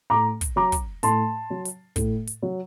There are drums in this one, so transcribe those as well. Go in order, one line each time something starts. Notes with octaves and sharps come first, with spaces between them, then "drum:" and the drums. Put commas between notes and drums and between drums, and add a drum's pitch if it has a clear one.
A2 A#5 D6
drum: kick, hi-hat
F#3 A#5 D6
drum: kick, hi-hat
A2 A5 C6, drum: hi-hat
F#3
drum: hi-hat
A2, drum: kick, hi-hat
drum: hi-hat
F#3